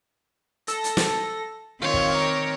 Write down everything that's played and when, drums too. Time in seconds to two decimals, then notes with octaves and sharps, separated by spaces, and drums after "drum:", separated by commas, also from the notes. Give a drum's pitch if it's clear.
0.67 A4 A#6, drum: hi-hat
0.84 drum: hi-hat
0.97 drum: snare
1.82 D#3 C4 F4 C#5 F6 G#6
1.94 drum: kick
2.11 A#5 D6 F6